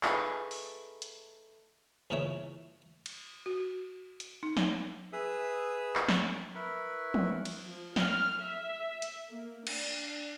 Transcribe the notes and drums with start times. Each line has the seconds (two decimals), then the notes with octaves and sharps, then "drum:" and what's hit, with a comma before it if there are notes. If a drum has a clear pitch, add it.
0.03 A3 D#4 F#4 G#4 B4, drum: clap
0.51 drum: open hi-hat
1.02 drum: hi-hat
2.10 E2 A#2 C#3 E4 C#5
3.06 drum: cymbal
3.46 F#4
4.20 drum: hi-hat
4.43 D#4
4.57 drum: snare
5.13 G#4 B4 E5 D#6 E6
5.95 drum: clap
6.08 drum: snare
6.55 E4 A#4 B4 B5 C#6
7.14 drum: tom
7.45 drum: cymbal
7.65 F3
7.96 F6, drum: snare
8.42 E5
9.02 drum: hi-hat
9.29 A#3
9.67 D4, drum: cymbal